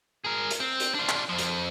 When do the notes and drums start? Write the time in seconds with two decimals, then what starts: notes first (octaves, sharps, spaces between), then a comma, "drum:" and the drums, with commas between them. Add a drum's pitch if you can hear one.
0.25 G#4 A#4
0.51 drum: hi-hat
0.60 C4
0.80 drum: hi-hat
0.94 D4 F4
1.09 drum: clap
1.29 F2 F3
1.38 drum: hi-hat